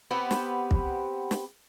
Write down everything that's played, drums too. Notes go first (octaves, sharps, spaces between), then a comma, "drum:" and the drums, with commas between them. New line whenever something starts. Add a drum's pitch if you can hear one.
B3 C4 G4
drum: snare
drum: kick
drum: snare